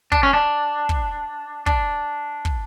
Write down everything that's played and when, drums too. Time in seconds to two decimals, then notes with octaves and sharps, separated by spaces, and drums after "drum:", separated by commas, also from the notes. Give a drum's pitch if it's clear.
0.12 D4, drum: kick
0.23 C#4
0.33 D4
0.89 drum: kick
1.66 D4, drum: kick
2.45 drum: kick